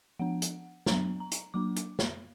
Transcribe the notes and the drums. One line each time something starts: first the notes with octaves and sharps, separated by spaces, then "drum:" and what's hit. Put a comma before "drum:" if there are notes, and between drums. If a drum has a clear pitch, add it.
F3 B3 D4 F#5
drum: hi-hat
F#3 B3 D4 A#5, drum: snare
A#5
drum: hi-hat
F#3 A#3 D4 D6
drum: hi-hat
drum: snare